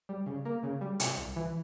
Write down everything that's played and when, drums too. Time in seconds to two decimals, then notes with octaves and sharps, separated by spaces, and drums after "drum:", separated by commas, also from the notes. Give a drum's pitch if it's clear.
0.09 G3
0.26 C#3
0.45 A#3
0.63 C#3
0.81 G3
1.00 C3, drum: hi-hat
1.17 C2
1.36 E3